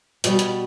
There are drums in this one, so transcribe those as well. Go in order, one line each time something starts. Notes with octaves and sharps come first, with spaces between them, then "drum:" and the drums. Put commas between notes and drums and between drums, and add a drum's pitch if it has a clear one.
B2 G3, drum: hi-hat
drum: hi-hat